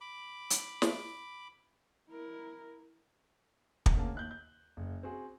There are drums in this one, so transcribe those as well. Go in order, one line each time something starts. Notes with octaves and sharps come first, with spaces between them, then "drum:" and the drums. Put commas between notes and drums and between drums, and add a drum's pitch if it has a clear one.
B5 D6
drum: hi-hat
drum: snare
E4 A#4
drum: kick
D2 C#3 A#3 A5
D#2 F#6 G6
G6
F#1
C4 F#4 G#4